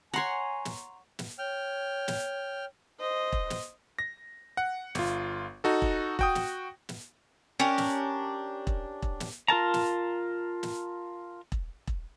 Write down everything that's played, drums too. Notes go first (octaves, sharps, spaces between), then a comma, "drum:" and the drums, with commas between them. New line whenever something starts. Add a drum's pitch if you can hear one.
C#5 F#5 G#5 A#5 C6
drum: snare
drum: snare
C#5 G5 F6
drum: snare
C5 D#5
drum: kick E1
drum: snare
A#6
F#5
G1 F4, drum: snare
D#4 F#4 A4
drum: kick E1
F#4 G5 D#6, drum: kick E1
drum: snare
drum: snare
C#4 D4 G4 A#4
drum: snare
drum: kick E1
drum: kick E1
drum: snare
F4 A#4 A5 A#5
drum: snare
drum: snare
drum: kick E1
drum: kick E1